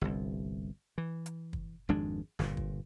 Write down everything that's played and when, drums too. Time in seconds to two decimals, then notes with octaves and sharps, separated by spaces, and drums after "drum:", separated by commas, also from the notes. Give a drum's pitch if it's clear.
0.01 G1 C2
0.98 E3
1.26 drum: hi-hat
1.53 drum: kick
1.89 G#1 F2 G#3 D4
2.39 G1 A#2, drum: snare
2.57 drum: kick